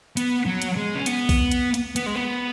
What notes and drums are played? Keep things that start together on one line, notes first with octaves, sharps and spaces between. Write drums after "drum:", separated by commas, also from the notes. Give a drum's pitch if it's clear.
B3, drum: hi-hat
F#3
drum: hi-hat
G#3
C#4
B3, drum: hi-hat
drum: kick B1, open hi-hat
drum: hi-hat
drum: hi-hat
B3, drum: hi-hat
G#3
B3